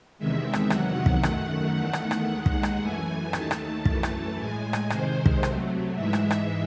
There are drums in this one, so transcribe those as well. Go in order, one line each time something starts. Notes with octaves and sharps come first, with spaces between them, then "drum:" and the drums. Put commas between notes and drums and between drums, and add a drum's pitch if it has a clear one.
E2 C3 D#3 G#3 E5
drum: rim click
E2 C3 D#3 F#3 F#5, drum: rim click
drum: kick
F#2 D#3 A3 F#5, drum: rim click
E2 D#3 A3
drum: rim click
drum: rim click
D#2 D#3 G#3
drum: kick
drum: rim click
F#2 E3 A3 G#5
D#2 D#3 A3 A5, drum: rim click
drum: rim click
F#2 E3 A3 A5, drum: kick
drum: rim click
A2 G#3 G#5
drum: rim click
C3 D#3 G#3 C5, drum: rim click
drum: kick
C3 F#3 A3, drum: rim click
G#2 E3 G#3 E5
drum: rim click
drum: rim click